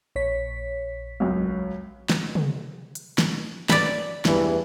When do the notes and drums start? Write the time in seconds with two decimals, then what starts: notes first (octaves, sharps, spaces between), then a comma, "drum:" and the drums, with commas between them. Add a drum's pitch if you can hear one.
0.16 A#1 C#5 B6
1.20 C#2 F#2
2.10 drum: snare
2.35 drum: tom
2.95 drum: hi-hat
3.18 drum: snare
3.70 D5 B5, drum: snare
4.25 E2 G2 E3, drum: snare